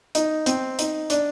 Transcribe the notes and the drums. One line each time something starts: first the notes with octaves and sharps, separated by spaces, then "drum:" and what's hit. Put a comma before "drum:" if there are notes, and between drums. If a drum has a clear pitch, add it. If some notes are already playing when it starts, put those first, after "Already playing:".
D#4, drum: hi-hat
C4, drum: hi-hat
D#4, drum: hi-hat
D4, drum: hi-hat